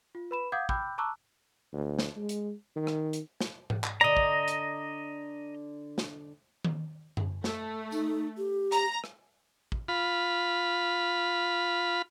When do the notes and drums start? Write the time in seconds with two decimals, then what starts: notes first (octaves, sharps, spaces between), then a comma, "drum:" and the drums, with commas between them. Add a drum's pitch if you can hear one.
0.15 F4
0.31 B4 B5 E7
0.52 F5 F#5 D6 D#6 G6 G#6
0.69 G5 B5 D6 E6 F#6 G6, drum: kick
0.98 A5 A#5 C#6 D6 E6 F#6
1.73 D2
1.99 drum: snare
2.16 G#3
2.29 drum: hi-hat
2.76 D#3
2.87 drum: rim click
3.13 drum: hi-hat
3.41 drum: snare
3.70 drum: tom G#2
3.84 drum: clap
4.01 D3 D5 D#5 A#5
4.17 drum: kick
4.48 drum: hi-hat
5.98 drum: snare
6.64 drum: tom D#3
7.17 drum: tom F#2
7.44 A3, drum: snare
7.92 D#4, drum: tambourine
8.37 G4
8.72 A#5, drum: hi-hat
9.04 drum: rim click
9.72 drum: kick
9.88 F4 B5